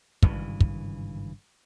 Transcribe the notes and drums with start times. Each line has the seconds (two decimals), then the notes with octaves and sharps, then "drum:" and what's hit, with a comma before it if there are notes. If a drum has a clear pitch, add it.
0.23 G#1 G2 C#3 E3, drum: kick
0.61 drum: kick